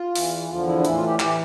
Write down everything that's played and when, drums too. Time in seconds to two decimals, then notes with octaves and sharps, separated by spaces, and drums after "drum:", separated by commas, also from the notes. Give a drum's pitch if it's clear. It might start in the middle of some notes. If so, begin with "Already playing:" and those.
Already playing: F4
0.15 E2 E3, drum: open hi-hat
0.50 E2 D3 F3 F4
0.67 E4
0.80 D4
0.85 A2 E3 E4, drum: hi-hat
0.96 F4
1.07 G4
1.20 E3 G4, drum: clap